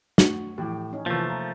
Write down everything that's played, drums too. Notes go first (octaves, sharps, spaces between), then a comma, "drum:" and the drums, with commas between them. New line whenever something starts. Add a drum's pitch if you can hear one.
A3 F#4, drum: snare
A2 E3 F3 E4 G4
C#4 D#4
C3 E3 F3 A3 A#3 F4
A#5